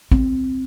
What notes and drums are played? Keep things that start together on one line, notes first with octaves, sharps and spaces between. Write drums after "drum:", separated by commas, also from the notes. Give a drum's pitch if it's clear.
C4, drum: kick A1